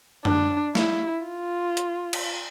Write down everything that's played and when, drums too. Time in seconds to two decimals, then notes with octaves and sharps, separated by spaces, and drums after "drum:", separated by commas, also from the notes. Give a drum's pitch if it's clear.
0.25 D4, drum: tom
0.75 E4, drum: snare
1.25 F4
1.77 drum: hi-hat
2.13 drum: cymbal